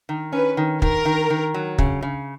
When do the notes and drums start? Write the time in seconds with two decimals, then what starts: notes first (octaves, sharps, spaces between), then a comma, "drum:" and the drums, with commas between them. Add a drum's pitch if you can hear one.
0.09 D#3
0.33 C#4 B4
0.57 D#3
0.82 D#3 A#4, drum: kick
1.05 D#3
1.30 D#3
1.54 F#3
1.78 C#3, drum: kick
2.02 C#3